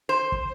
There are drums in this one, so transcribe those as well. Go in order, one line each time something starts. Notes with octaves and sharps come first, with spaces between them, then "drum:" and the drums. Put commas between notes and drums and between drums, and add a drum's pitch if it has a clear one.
C5
drum: kick